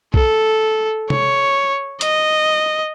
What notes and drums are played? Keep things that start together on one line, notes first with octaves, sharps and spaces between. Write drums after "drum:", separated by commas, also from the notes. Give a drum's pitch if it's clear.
A4, drum: kick B1
C#5, drum: tom
D#5, drum: hi-hat